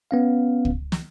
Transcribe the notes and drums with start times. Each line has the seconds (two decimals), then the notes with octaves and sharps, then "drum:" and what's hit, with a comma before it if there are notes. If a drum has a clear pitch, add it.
0.11 B3 C#4 F5
0.65 drum: kick
0.92 drum: snare